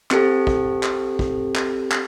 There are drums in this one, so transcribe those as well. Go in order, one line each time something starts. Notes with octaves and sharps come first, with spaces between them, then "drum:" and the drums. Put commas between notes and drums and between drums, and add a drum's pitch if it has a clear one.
C4 G4 A4, drum: clap
drum: kick
drum: clap
drum: kick
drum: clap
drum: clap